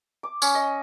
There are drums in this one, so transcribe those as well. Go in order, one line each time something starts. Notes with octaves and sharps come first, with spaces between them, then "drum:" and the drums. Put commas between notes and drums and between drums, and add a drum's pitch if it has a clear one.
D6
C#4, drum: tambourine
D#5